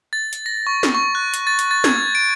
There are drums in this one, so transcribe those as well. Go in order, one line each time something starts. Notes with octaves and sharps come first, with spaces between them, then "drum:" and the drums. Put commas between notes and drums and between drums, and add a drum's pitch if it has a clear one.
A6
drum: hi-hat
A#6
C#6
drum: snare
C#6
F#6
drum: hi-hat
A6
drum: hi-hat
A6
G#6, drum: snare
D7